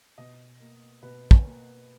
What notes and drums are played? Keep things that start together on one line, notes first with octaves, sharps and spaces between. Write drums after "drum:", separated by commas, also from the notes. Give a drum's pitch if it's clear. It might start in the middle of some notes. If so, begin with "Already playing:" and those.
B2 D#5
A#3
B2 B4
drum: kick
A#3